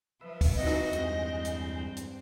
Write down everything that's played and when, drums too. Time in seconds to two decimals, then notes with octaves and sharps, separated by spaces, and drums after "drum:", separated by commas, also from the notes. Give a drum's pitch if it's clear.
0.21 F3 B4 E5
0.41 drum: kick, open hi-hat
0.56 C4 D#4 F#4 D#5
0.67 drum: rim click
0.93 E2 G2 G#3 C4 G6, drum: hi-hat
1.45 drum: hi-hat
1.97 drum: hi-hat